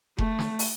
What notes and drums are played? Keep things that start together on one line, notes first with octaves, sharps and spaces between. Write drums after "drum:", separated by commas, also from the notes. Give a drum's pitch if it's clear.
A3, drum: kick F1
drum: snare
drum: open hi-hat